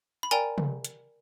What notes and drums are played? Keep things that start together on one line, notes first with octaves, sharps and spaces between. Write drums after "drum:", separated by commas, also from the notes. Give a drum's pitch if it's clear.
B5
A#4 D5 G5 G#5 A#5, drum: hi-hat
drum: tom
drum: hi-hat